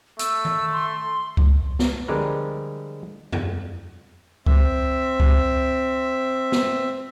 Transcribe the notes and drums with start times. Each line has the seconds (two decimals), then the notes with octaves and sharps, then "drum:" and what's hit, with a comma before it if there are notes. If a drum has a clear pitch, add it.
0.19 A3 E6, drum: hi-hat
0.45 drum: tom D#3
0.73 C6
1.37 drum: kick C#2
1.79 drum: snare
2.08 D3 F3 G3 G#3 A#4 B4
3.32 drum: tom E2
4.46 C4 E5, drum: kick C#2
5.20 drum: kick C#2
6.52 drum: snare